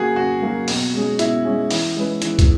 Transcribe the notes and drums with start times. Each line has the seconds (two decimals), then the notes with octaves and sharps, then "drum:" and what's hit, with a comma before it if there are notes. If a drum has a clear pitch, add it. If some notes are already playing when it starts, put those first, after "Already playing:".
Already playing: C#3 F#3 A#3 F#4 G#4
0.16 C#3 F#4
0.42 F#3 A#3
0.68 B2, drum: open hi-hat
0.94 G#3 C#4 G#4
1.19 B2 E4, drum: hi-hat
1.45 G#3 C#4 G#4
1.71 E3, drum: open hi-hat
1.96 G#3 C#4 G#4 B4
2.22 E3, drum: hi-hat
2.39 drum: kick, hi-hat